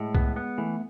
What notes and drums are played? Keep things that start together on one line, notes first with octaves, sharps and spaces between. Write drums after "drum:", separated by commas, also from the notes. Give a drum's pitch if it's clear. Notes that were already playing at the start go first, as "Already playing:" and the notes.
Already playing: A2 G#3
B3, drum: kick
B3
E3 A3